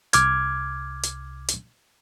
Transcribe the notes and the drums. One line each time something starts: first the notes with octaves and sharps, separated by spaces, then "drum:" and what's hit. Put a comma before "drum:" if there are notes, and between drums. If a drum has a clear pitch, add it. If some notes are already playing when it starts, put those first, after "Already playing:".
C2 D6 F6 G#6, drum: hi-hat
drum: hi-hat
drum: hi-hat